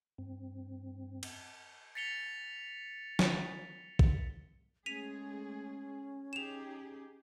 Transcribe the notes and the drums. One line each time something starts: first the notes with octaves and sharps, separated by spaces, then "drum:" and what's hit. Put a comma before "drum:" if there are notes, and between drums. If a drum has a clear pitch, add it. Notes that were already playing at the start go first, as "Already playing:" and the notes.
G2 C4
drum: cymbal
A6 B6 C#7 F7 G7
drum: snare
drum: kick A#1
G#3 A3 C#4 G#4 B6 D#7 F7
D#4 G4 G#4 E7 F7